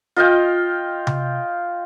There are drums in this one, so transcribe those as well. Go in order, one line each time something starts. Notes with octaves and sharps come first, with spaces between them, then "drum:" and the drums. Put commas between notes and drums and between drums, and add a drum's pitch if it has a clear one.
F4 D#5 F5 G5
drum: tom C3